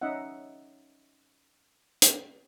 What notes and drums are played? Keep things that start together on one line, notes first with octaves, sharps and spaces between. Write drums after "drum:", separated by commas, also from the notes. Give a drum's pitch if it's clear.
C#4 D#4 D#5 E5 F#5
drum: hi-hat